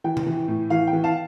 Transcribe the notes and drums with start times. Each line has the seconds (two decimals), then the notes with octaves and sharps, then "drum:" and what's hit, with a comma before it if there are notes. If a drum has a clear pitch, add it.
0.04 E3 G5
0.17 drum: tom C3
0.26 E3
0.48 A2
0.70 E3 F5
0.87 G5
0.93 E3
1.04 F5 A5